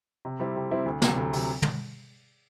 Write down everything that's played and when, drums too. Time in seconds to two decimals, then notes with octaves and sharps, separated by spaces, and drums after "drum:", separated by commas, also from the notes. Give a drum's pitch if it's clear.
0.25 C3
0.40 G3 C4 E4
0.56 C3
0.71 G3 C4 E4
0.86 D2
1.02 C3 F#3, drum: snare
1.17 D2
1.33 C3 F#3, drum: open hi-hat
1.62 drum: tom